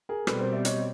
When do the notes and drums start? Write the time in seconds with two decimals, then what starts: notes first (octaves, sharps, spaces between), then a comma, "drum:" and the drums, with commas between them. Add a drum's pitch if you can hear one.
0.09 G#4 A#4
0.27 B2 G3 C4 A4 B4, drum: rim click
0.40 A#4 C5
0.52 D5 E5
0.65 C#5 D#5, drum: hi-hat